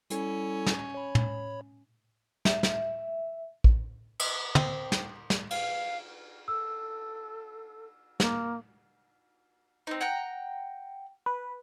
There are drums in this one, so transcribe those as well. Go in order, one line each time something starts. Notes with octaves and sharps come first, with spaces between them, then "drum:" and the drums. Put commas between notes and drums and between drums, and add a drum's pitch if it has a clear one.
G3 C#4 E4 A4, drum: hi-hat
drum: snare
C#5 B5
drum: tom
E5, drum: snare
drum: snare
drum: kick
drum: cymbal
C4, drum: tom
drum: snare
drum: snare
F5, drum: cymbal
A4 E6
A#3, drum: snare
C4 D#4
F#5 G5 A#5
B4